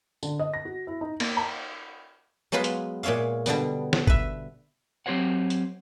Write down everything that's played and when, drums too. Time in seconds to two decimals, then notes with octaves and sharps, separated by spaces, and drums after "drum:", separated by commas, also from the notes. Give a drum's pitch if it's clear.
0.23 D3, drum: tambourine
0.39 D#5
0.54 A#6
0.65 F#4
0.87 E4
1.01 D#4
1.20 A#3, drum: cymbal
1.37 A#5
2.52 F#3 G#3 B3 F4 B4 C6
2.64 drum: hi-hat
3.03 A#2 G#3 C#5 E5 F5
3.46 B2 D3 G3 B3, drum: tambourine
3.93 drum: snare
4.07 B4 E5, drum: kick G#1
5.06 F#3 C4 G4 C5 C#5 F#5
5.50 drum: hi-hat